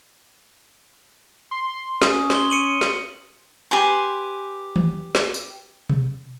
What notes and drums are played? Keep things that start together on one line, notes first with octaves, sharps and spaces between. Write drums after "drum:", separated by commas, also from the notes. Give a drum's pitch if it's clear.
C6
C#4 D#6, drum: snare
C6 G7, drum: snare
C#7 D#7 F#7
drum: snare
G4 B4 G#5 C6
drum: tom D#3
drum: snare
drum: tambourine
drum: tom B2